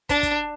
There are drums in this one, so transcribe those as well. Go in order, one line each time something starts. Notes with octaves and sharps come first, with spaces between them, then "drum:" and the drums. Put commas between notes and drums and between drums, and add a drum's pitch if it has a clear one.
D4, drum: kick, hi-hat
drum: kick, hi-hat